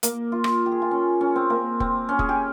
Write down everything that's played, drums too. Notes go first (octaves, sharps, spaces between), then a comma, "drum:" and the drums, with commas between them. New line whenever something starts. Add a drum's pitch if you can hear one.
A#3, drum: hi-hat
F4
drum: rim click
G4
G#4
F4
C#4
C#4
C4
A#3
C4, drum: kick
C#4
G#4, drum: kick
G4